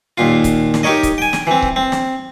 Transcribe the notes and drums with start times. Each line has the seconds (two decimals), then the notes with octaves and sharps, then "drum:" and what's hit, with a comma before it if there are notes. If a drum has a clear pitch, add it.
0.18 D#2 A#2 F4
0.44 drum: kick C#1, hi-hat
0.74 drum: snare
0.83 D#4 G4 A#4 C#5 D#5
1.03 drum: kick C#1, hi-hat
1.18 G5 G#5
1.33 drum: snare
1.47 E3 C4
1.62 drum: kick C#1
1.76 C4
1.92 drum: snare